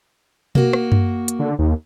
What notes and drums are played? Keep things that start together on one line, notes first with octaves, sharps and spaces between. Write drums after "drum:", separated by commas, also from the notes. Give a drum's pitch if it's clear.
A#3 F#4, drum: tom B2
drum: rim click
drum: tom F#2
drum: hi-hat
D3
D#2